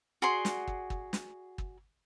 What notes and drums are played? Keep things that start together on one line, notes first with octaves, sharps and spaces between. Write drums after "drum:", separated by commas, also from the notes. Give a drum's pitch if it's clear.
F#4 G#4 D5 C6
drum: snare
drum: kick
drum: kick
drum: snare
drum: kick